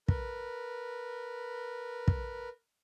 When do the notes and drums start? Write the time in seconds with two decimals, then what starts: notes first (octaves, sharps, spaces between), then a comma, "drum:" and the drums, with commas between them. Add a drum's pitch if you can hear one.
0.08 A#4 B4, drum: kick
2.08 drum: kick